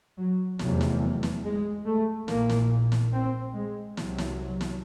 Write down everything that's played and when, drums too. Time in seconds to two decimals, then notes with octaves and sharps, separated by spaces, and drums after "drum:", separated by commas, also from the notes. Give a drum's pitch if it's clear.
0.17 F#3
0.59 F1 E2 C3 F#3, drum: snare
0.81 drum: snare
1.23 drum: snare
1.44 G#3
1.86 A3
2.28 A#1 A#2 A#3, drum: snare
2.49 drum: snare
2.92 drum: snare
3.13 C4
3.55 G#3
3.97 C2 C3 F#3, drum: snare
4.18 drum: snare
4.61 drum: snare